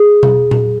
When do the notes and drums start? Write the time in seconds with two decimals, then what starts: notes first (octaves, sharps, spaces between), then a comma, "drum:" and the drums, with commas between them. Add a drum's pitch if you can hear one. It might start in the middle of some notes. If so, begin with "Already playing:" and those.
Already playing: G#4
0.23 drum: tom B2
0.51 drum: tom A#2